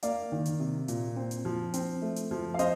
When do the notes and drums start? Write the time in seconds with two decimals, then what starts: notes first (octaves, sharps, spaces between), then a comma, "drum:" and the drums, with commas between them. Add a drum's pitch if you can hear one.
0.03 A#3 D5 F5, drum: hi-hat
0.32 D#3
0.46 drum: hi-hat
0.59 C3
0.88 A#2, drum: hi-hat
1.16 C4
1.31 drum: hi-hat
1.45 F3
1.74 C4, drum: hi-hat
2.02 A3
2.16 drum: hi-hat
2.31 F3
2.54 F5
2.59 C4 C5 D#5, drum: hi-hat